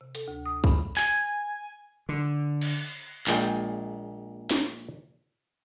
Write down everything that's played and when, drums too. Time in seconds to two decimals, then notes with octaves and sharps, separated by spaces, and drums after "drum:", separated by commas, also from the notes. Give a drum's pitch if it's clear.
0.01 C3
0.15 A4, drum: hi-hat
0.28 D2
0.46 D#6
0.64 B5, drum: kick
0.97 G#5, drum: clap
2.09 D3
2.61 drum: cymbal
3.27 A#1 A#2 G#3 G5, drum: clap
4.51 drum: snare